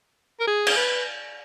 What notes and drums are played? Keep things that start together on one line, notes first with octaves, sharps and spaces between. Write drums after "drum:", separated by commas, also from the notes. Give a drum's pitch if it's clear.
A#4
G#4
drum: cymbal
B4